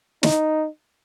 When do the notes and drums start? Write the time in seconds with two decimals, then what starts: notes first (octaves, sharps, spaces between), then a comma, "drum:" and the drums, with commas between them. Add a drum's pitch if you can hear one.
0.23 D#4, drum: snare